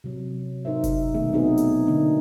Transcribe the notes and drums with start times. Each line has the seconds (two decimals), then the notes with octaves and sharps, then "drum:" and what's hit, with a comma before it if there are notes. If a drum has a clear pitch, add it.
0.04 C3 F#3
0.65 D#4 A#4 C5 E5
0.84 drum: kick F#1, hi-hat
1.14 B2 D#3 F#3 A3 G#4 E5
1.33 B3 C4 D#4 F#4 G#4 B4
1.57 drum: hi-hat
1.87 D3 A3 A#3 D4 D#4